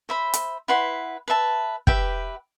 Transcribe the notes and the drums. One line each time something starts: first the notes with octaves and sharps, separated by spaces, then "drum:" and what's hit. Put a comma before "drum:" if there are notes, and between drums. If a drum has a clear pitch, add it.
C5 E5 B5
drum: hi-hat
E4 B4 F#5 C6
B4 E5 A5
G4 B4 E5 G5, drum: kick